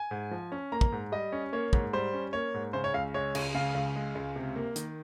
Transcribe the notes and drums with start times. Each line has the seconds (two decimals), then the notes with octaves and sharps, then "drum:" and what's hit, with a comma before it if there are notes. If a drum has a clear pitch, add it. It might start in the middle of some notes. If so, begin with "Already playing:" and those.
Already playing: G#5
0.11 G#2
0.31 F3
0.52 C#4
0.72 A#3 A#5
0.81 drum: kick
0.92 G#2
1.12 G3 D#5
1.32 C#4
1.53 A#3 C#5
1.73 G#2, drum: kick
1.93 G3 C5
2.13 C#4
2.33 A#3 C#5
2.54 G#2
2.73 C#3 C5
2.84 C#5
2.94 C#2 F5
3.14 G#3 C#5
3.35 C#2, drum: cymbal
3.54 C#3 F5
3.74 C#2
3.96 G#3
4.15 C#2
4.36 C3
4.56 A#3
4.76 D#3, drum: hi-hat